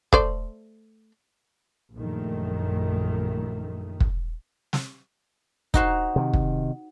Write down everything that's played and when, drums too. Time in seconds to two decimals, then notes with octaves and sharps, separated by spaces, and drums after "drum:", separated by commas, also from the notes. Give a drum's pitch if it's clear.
0.13 A3 C5 D5, drum: kick
1.96 A#1 F#2 D#3 A3
4.00 drum: kick
4.73 drum: snare
5.74 D#4 F#4 C5, drum: kick
6.16 C3 D#3
6.34 drum: kick